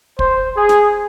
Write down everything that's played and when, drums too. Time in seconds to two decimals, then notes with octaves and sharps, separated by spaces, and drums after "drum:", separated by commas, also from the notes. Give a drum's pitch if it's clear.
0.19 C5, drum: kick
0.56 G#4
0.69 drum: snare